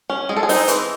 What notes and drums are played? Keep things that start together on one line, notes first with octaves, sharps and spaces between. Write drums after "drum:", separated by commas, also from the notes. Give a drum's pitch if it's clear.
C#4
G#3 G#4
A4
G#4
C4 D#4, drum: open hi-hat
E3, drum: hi-hat